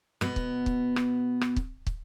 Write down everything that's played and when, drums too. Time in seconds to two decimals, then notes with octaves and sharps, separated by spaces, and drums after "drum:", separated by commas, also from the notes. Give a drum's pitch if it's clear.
0.21 B2 B3, drum: rim click
0.36 drum: kick
0.66 drum: kick
0.96 drum: rim click
1.41 drum: rim click
1.56 drum: kick
1.87 drum: kick